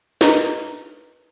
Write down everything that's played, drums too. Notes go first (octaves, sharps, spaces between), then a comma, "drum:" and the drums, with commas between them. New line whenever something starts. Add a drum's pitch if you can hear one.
B4 D#5 A#5, drum: snare